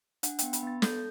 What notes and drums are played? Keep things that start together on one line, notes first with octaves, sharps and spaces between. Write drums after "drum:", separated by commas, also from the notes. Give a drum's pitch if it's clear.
D4 F#5, drum: hi-hat
B3 G5, drum: hi-hat
B5, drum: hi-hat
B3 A6
A4 G6, drum: snare